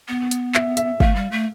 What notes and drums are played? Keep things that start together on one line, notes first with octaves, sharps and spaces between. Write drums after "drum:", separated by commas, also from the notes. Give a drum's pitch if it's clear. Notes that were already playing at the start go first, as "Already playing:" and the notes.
B3
drum: hi-hat
E5, drum: clap
E5, drum: hi-hat
A3 F5, drum: kick
G3
A3